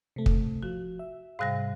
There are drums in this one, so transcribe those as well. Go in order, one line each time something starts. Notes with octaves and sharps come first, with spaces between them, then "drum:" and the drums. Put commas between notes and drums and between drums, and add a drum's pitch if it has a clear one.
C3 A3
drum: kick
F3 F#4
E5
G#2 C3 G3 F5 F#6 A#6